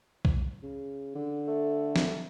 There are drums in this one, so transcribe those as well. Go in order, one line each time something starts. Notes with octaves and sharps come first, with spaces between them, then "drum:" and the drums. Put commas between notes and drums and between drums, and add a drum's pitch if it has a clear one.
drum: kick B1
C#3
D3
A3
drum: snare